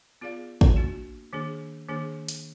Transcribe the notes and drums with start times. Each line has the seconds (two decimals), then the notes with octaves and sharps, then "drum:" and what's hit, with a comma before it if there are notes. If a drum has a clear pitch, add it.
0.21 B3 F4 G#4 D5 F5
0.61 drum: kick
0.76 A#3 D4 F#4
1.33 D#3 A#3 D4 G#4
1.89 D#3 A#3 D4 G#4
2.28 drum: hi-hat